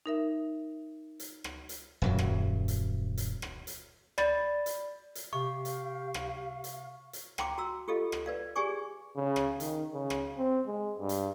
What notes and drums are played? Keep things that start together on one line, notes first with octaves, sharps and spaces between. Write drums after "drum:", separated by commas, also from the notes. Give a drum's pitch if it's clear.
D#4 A#4 E5
drum: hi-hat
drum: rim click
drum: hi-hat
D#1 F#2 F#3
drum: rim click
drum: hi-hat
drum: hi-hat
drum: rim click
drum: hi-hat
D5 B5 A6, drum: rim click
drum: hi-hat
drum: hi-hat
C3 G4 F5 C#6
drum: hi-hat
drum: rim click
drum: hi-hat
drum: hi-hat
F5 G5 A#5 C6 D6, drum: rim click
F#4 A#5 E6
F4 G4 A4 D#5 F5
drum: rim click
B4 D5 F5
G4 G#4 D5 G#5 C#6 D6
C#3
drum: rim click
D#3, drum: hi-hat
C#3
drum: rim click
C4
G#3
G2
drum: hi-hat